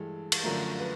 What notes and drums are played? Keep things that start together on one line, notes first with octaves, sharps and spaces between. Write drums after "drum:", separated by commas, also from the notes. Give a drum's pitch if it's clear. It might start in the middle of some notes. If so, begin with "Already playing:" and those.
Already playing: G2 E3 G#3 A4
drum: cymbal
F#2 D3 F3 A3 A#4
B4